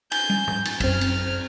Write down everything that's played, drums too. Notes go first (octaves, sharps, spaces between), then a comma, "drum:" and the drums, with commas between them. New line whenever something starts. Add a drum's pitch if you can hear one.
G#5 G6, drum: cymbal
drum: tom
drum: tom
drum: cymbal
F#2 C4 F6, drum: kick, cymbal
drum: cymbal